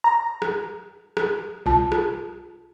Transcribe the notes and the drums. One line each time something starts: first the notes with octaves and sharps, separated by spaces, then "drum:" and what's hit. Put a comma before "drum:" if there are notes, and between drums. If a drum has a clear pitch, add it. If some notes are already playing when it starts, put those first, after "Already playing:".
A#5
drum: rim click
drum: rim click
C2 F4 A5
drum: rim click